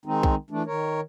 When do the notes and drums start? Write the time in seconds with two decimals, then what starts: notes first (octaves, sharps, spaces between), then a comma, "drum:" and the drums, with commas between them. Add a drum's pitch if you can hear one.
0.06 D#3 G#3 C4 D#4
0.23 drum: kick B1
0.50 E3 A3 D4
0.66 D#3 A#4 C#5